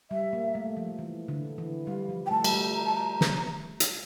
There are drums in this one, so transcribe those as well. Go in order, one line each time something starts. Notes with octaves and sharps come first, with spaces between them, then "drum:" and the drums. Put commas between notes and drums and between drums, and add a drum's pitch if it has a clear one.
G3 E5
A#3
A3
F3
E3
D3
E3
G3 F5
F3
G5
A3 A5
G3, drum: cymbal
A3
A#5
A5
A#5
drum: snare
drum: hi-hat